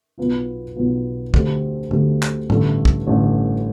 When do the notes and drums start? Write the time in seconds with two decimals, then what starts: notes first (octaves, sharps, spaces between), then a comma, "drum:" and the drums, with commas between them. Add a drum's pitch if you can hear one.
0.18 B1 B2 B3 F4
0.76 B1 B2 B3 F4
1.34 D2 D3 A3 C4 G4, drum: kick
1.91 D2 D3 A3 C4 G4, drum: tom
2.22 drum: clap
2.50 A1 G2 D3 A3 D4, drum: tom
2.85 drum: kick
3.07 A1 G2 D3 A3 D4